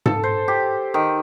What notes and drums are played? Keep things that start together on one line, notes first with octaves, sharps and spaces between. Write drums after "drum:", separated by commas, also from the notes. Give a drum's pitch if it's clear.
A4, drum: tom G#2
C5
G4
D#3